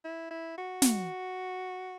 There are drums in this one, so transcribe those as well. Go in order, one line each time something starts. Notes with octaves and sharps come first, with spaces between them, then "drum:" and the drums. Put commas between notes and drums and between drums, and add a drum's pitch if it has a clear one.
E4
E4
F#4
drum: snare